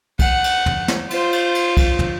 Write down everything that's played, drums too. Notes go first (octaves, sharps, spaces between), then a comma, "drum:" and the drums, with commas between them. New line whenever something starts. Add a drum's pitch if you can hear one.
F#5, drum: kick, cymbal
drum: cymbal
drum: tom
drum: snare
F4 C5, drum: cymbal
drum: cymbal
drum: cymbal
drum: kick, cymbal
drum: tom